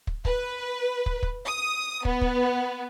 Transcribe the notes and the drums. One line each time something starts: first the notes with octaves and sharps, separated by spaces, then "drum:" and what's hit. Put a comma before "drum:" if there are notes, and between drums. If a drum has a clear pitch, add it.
drum: kick
B4, drum: kick
drum: kick
drum: kick
D#6
B3, drum: kick
drum: kick